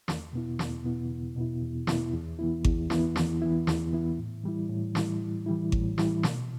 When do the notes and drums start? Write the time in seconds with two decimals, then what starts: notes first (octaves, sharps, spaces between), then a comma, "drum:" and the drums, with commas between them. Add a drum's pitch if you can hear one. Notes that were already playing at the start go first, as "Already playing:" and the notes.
0.08 E2, drum: snare
0.33 B2 B3 E4
0.59 E2, drum: snare
0.84 B2 B3 E4
1.11 E2
1.36 B2 B3 E4
1.62 E2
1.87 B2 B3 E4, drum: snare
2.13 E2
2.39 E3 B3 E4
2.64 E2, drum: kick G#1
2.90 E3 B3 E4, drum: snare
3.16 E2, drum: snare
3.42 E3 B3 E4
3.67 E2, drum: snare
3.93 E3 B3 E4
4.18 A2
4.44 E3 G3 E4
4.69 A2
4.95 E3 G3 E4, drum: snare
5.21 A2
5.46 E3 G3 E4
5.72 A2, drum: kick G#1
5.98 E3 G3 E4, drum: snare
6.23 B2, drum: snare